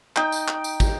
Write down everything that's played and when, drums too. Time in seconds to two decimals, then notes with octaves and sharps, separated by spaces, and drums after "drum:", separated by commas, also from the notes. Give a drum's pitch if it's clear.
0.16 D#4 G5, drum: clap
0.32 drum: tambourine
0.48 drum: clap
0.64 drum: tambourine
0.80 drum: kick, tambourine